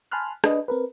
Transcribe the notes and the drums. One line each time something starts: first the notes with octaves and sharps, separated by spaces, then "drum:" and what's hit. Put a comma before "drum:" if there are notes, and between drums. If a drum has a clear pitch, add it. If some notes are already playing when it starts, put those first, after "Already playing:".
G#5 A5 B5 C6 F6 F#6
D4 B4 D#5, drum: rim click
C4 A#4 B4